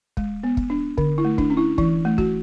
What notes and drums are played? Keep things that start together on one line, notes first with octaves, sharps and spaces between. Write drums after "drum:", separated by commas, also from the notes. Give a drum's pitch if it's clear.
G#3, drum: kick
B3
drum: kick
D4
D3, drum: kick
E4
A3
D4, drum: kick
C#4
E4
E3 E4, drum: kick
A3
F#4, drum: kick